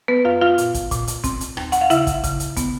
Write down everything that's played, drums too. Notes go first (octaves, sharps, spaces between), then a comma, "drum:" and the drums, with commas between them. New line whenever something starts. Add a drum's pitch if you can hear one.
B3 B4
F#2 F4 F5
F4 F5
A#2, drum: hi-hat
drum: kick, hi-hat
A#2, drum: kick, hi-hat
drum: hi-hat
C4, drum: kick, hi-hat
drum: hi-hat
D#2, drum: rim click
F#5, drum: hi-hat
F5
C#3 E4 E5, drum: hi-hat
drum: kick, hi-hat
C#3, drum: kick, hi-hat
drum: hi-hat
B3, drum: kick, hi-hat